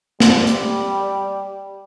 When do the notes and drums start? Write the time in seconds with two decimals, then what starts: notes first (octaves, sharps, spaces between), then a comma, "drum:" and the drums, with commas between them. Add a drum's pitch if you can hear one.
0.20 G3, drum: snare
0.47 drum: hi-hat